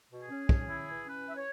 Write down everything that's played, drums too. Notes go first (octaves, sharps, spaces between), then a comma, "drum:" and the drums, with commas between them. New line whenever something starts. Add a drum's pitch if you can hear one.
B2
G#4
C#4
C#4, drum: kick
E4
E3
C#4 B4
E3 E5
C#5